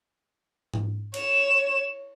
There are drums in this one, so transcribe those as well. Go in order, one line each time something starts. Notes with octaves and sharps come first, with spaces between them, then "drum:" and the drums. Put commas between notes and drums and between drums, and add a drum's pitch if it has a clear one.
drum: tom G#2
C#5 E7, drum: cymbal